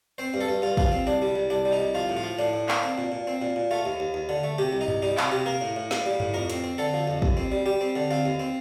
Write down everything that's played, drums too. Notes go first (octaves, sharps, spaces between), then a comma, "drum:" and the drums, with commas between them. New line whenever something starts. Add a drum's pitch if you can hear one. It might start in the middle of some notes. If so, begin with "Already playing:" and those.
C4 C5
G2
A4
G2
G2 F4
F3 F4, drum: kick
C4
C2 D4
G3
C2
C2 D4
G3
D#4
C2
F3 F4
A2
F4
F3
A2 D4
A2
A#3, drum: clap
C4
A#2
A#2
C4
A#2
A#2
A3 F4
D#2
D#2
D#2
D3
A3
C3 G4
C2
D#4
C2, drum: tom G2
G3 D#4
C3 F4, drum: clap
C3 G4
A#3 A#4
A2
A2
A#3, drum: snare
G3
A2, drum: tom G2
F2 A#4
C4, drum: hi-hat
C4
D3 A4
F3
F2
D#2, drum: kick
C4
G3
G3 G4
C4
D3
C4 F4
D#2
C4